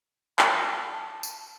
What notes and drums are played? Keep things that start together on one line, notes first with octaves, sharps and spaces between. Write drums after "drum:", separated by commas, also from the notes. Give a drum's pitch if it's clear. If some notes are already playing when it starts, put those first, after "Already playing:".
A5, drum: clap
drum: tambourine